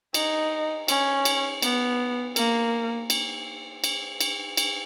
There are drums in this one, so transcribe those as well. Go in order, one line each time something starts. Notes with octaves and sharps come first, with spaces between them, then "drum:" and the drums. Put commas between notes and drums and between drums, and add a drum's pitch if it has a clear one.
D#4, drum: cymbal
C#4, drum: cymbal
drum: cymbal
B3, drum: cymbal
A#3, drum: cymbal
drum: cymbal
drum: cymbal
drum: cymbal
drum: cymbal